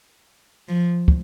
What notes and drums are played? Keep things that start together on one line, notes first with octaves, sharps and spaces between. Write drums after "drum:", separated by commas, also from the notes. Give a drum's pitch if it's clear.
F3
drum: kick